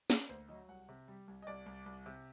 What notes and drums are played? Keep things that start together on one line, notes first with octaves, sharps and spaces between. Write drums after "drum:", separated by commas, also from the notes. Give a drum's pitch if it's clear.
A#3 D5, drum: snare
D5
D2 C5
F#3 D#5
C2 F#5
C3
G3
C2
D#5
C2 D5
C2
C2
C3